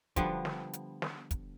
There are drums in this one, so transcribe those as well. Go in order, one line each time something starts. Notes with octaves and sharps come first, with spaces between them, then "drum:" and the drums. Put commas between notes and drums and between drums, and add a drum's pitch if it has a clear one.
D3 F3 G3 B3, drum: kick, hi-hat
drum: snare
drum: hi-hat
drum: snare
drum: kick, hi-hat